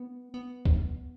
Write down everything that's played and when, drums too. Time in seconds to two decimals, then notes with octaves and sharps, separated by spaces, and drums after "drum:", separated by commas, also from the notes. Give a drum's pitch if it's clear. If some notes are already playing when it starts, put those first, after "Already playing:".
Already playing: B3
0.34 B3
0.65 drum: kick